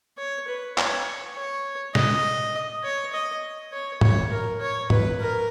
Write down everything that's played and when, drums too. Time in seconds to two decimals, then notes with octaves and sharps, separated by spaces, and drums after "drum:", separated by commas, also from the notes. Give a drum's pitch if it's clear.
0.18 C#5
0.48 B4
0.78 C#5, drum: clap
1.36 C#5
1.95 D#5, drum: snare
2.84 C#5
3.13 D#5
3.72 C#5
4.01 C#5, drum: tom
4.31 A#4
4.61 C#5
4.90 B4, drum: tom
5.20 A#4